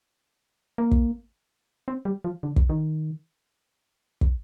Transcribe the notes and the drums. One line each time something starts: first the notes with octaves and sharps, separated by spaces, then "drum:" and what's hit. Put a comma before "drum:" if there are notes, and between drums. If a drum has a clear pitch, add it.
A#3
drum: kick
C4
G3
F3
D3
drum: kick
D#3
drum: kick